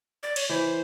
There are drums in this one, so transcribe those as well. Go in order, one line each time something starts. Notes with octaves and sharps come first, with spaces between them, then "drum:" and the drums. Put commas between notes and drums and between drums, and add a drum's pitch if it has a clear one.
D5
C#5, drum: cymbal
E3 C5